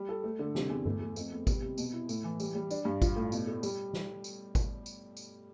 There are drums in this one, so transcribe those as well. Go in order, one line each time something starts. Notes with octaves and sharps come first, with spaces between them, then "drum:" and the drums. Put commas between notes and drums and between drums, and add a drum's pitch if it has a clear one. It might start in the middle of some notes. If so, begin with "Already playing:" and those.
Already playing: G3
A4
A3
D3
C3, drum: snare
E2
A3, drum: tom G2
A3
F2, drum: tambourine
B3
G3, drum: kick G#1, tambourine
C3
B2, drum: tambourine
E4
A2, drum: tambourine
E3
G3, drum: tambourine
G3
D4, drum: tambourine
G2
F4, drum: kick G#1, tambourine
A2
B2, drum: tambourine
A3
G3, drum: tambourine
drum: snare
drum: tambourine
drum: kick G#1, tambourine
drum: tambourine
drum: tambourine